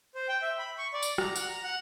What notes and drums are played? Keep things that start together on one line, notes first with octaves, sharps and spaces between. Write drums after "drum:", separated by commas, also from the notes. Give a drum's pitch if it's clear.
C5
G5
E5
B5
C#6
D5
drum: tambourine
A#5, drum: rim click
F#5, drum: tambourine
A#5
F#5